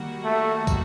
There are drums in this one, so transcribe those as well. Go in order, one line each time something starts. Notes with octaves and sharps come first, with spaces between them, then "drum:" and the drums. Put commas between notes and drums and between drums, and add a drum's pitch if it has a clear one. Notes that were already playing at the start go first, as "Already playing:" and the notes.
Already playing: D#3 G3 A#3 F#4
A3
drum: kick, tambourine